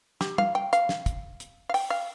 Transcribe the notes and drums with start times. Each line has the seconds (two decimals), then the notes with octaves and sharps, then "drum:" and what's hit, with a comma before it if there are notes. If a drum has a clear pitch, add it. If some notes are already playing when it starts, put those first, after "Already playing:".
0.21 G4, drum: snare
0.38 F5, drum: tom
0.55 G5
0.73 F5, drum: hi-hat
0.89 drum: snare
1.06 drum: kick, hi-hat
1.40 drum: hi-hat
1.69 F5
1.74 G5, drum: open hi-hat
1.90 F5